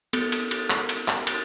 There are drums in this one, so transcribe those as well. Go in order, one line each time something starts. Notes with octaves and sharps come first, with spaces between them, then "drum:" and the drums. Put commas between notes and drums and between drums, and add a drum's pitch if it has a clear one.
B3 A4, drum: cymbal
drum: cymbal
drum: cymbal
drum: clap
drum: cymbal
drum: clap
drum: cymbal